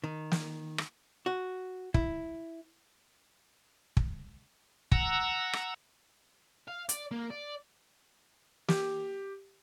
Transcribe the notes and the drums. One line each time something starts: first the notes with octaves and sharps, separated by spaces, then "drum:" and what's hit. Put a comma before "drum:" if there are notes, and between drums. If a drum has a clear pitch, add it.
D#3
drum: snare
drum: rim click
F#4
E4, drum: kick
drum: kick
F#5 A#5 E6, drum: kick
drum: rim click
F5
D5, drum: hi-hat
A#3
D5
G4, drum: snare